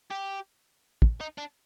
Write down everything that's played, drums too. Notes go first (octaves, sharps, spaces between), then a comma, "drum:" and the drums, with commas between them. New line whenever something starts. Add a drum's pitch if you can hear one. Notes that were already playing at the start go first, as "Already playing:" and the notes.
G4
drum: kick
D#4
D4